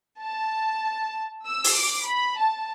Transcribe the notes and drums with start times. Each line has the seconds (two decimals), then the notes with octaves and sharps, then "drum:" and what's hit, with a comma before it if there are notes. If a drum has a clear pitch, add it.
0.23 A5
1.46 E6
1.64 drum: open hi-hat
1.76 D6
2.07 B5
2.38 A5